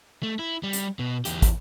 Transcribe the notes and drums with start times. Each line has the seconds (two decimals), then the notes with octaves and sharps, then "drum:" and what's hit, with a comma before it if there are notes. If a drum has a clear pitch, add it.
0.23 A3
0.39 E4
0.63 G3
0.73 drum: hi-hat
0.99 B2
1.25 E2 G4, drum: hi-hat
1.42 drum: kick, hi-hat